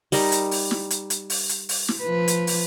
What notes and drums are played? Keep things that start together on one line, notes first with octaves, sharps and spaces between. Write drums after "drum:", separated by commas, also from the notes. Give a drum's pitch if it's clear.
G3 D#4 A#4, drum: open hi-hat
drum: hi-hat
drum: open hi-hat
drum: snare
drum: hi-hat
drum: hi-hat
drum: open hi-hat
drum: hi-hat
drum: open hi-hat
drum: snare
F3 B4
drum: hi-hat
drum: open hi-hat